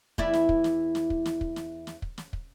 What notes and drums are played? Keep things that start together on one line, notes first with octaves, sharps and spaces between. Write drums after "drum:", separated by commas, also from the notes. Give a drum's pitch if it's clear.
E2 E4 D5, drum: kick
drum: snare
drum: kick
drum: snare
drum: snare
drum: kick
drum: snare
drum: kick
drum: snare
drum: snare
drum: kick
drum: snare
drum: kick